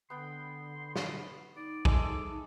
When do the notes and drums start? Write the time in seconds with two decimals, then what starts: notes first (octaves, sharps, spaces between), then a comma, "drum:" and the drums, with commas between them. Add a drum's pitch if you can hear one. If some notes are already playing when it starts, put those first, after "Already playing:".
0.10 D3 B3 G5 C6
0.96 drum: snare
1.56 D#4 D5
1.85 G3 G#3 A4 E5 D6, drum: kick A#1